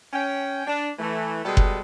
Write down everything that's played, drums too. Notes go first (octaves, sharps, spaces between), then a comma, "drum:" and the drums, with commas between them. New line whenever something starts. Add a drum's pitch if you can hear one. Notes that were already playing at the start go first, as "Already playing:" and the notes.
C#4 G5
D4
E3 A3
B2 G3 G#3 B3 A4
drum: kick F#1